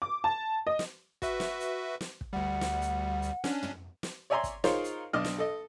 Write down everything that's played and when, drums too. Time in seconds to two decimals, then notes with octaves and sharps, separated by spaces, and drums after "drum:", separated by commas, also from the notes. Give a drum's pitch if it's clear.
0.02 D6
0.24 A5
0.67 D#5
0.79 drum: snare
1.22 F#4 B4 E5, drum: kick, hi-hat
1.40 drum: snare
1.60 drum: hi-hat
2.01 drum: snare
2.21 drum: kick
2.33 D2 G3 F#5
2.61 drum: snare
2.82 drum: hi-hat
3.22 drum: hi-hat
3.44 C#4 D4, drum: snare
3.63 drum: tom
4.03 drum: snare
4.30 C#5 D5 E5 G#5 A#5 C6
4.44 drum: kick, hi-hat
4.64 D#4 F4 G#4 A#4 C5 C#5, drum: snare
4.84 drum: hi-hat
5.13 B1 D4 D#5 D6 F6
5.25 drum: snare
5.38 A4 D#5